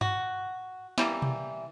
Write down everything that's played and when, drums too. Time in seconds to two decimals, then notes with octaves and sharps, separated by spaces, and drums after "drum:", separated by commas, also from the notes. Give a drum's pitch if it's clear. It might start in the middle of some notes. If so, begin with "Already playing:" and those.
0.01 F#4, drum: tom G2
0.98 E3 G3 A#3, drum: snare
1.22 drum: tom B2